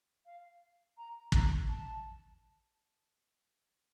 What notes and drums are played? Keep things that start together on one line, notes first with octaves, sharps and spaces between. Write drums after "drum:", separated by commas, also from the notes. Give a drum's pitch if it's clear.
F5
A#5
A#5, drum: kick
A5